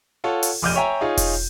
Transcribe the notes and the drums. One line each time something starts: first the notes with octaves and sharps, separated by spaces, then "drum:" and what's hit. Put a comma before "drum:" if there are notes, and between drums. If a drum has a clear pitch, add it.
F4 A4 C#5 F#5
drum: open hi-hat
F1 A#1 D6 F6 G6 D#7
C#5 E5 G5 G#5 A#5
D#4 F4 G#4 C#5
drum: kick E1, open hi-hat